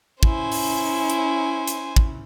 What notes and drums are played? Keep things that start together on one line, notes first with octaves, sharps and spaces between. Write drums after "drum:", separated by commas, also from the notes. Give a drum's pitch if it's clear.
C#4 E4 C5 G#5, drum: kick
drum: open hi-hat
drum: hi-hat
drum: hi-hat
drum: kick